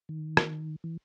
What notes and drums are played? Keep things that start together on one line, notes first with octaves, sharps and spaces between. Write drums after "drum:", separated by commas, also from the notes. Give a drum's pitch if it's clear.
D#3
drum: rim click
E3